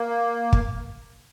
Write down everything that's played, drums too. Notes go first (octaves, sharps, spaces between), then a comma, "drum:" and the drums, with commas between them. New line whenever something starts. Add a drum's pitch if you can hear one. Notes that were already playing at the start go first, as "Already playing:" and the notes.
Already playing: A#3
drum: kick